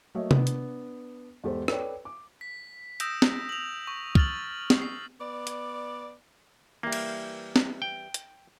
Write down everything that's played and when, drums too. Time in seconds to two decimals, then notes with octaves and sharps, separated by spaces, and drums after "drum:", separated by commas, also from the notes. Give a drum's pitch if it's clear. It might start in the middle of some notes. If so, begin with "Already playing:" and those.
0.15 F#3 A3 A#3 C#5 D#5 E5
0.31 B3 D4, drum: tom C3
0.47 drum: hi-hat
1.44 E2 G#2 G4 A4 C5
1.68 A4 B4 C#5 D5 G5, drum: rim click
2.05 D6
2.41 B6
3.00 D#6 E6 G6 A#6 D7 E7, drum: hi-hat
3.22 drum: snare
3.49 F7 F#7
3.87 C#6
4.15 F6 A6 F#7, drum: kick
4.70 drum: snare
4.82 C7
5.20 B3 D5
5.47 drum: hi-hat
6.83 E3 G3 A#3
6.92 drum: cymbal
7.56 drum: snare
7.82 G5
8.14 drum: hi-hat